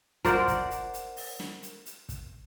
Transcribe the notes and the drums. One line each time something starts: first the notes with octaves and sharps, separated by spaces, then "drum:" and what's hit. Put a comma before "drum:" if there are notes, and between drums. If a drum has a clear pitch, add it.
A#4 C5 D5 F#5, drum: kick, hi-hat
drum: kick, hi-hat
drum: hi-hat
drum: hi-hat
drum: open hi-hat
drum: snare
drum: hi-hat
drum: hi-hat
drum: kick, hi-hat